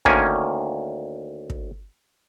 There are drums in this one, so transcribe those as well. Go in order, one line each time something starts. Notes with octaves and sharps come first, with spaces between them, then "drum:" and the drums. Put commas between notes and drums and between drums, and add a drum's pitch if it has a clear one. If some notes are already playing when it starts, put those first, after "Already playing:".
D2 D#3 A#3 C#4 G#5, drum: kick
drum: kick